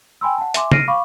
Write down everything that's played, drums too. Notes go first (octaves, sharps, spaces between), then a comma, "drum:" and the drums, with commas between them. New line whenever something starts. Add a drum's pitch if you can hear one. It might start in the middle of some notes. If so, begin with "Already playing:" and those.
G5 G#5 B5 C6 E6
F#5 A5
E5 G#5 C6 D6, drum: hi-hat
F6 A#6 C7 D7 D#7, drum: tom C#3
F5 B5 C#6 D6